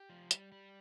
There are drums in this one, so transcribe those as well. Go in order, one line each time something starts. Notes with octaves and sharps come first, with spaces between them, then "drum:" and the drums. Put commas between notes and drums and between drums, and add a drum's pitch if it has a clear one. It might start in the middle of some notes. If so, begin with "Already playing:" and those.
Already playing: G4
F3
G3, drum: hi-hat
G3